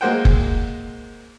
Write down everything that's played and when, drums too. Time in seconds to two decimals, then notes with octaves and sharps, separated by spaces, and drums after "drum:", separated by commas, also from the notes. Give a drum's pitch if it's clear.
0.01 G#3 A#3 F#4 C5 F#5 G5
0.25 drum: kick F#1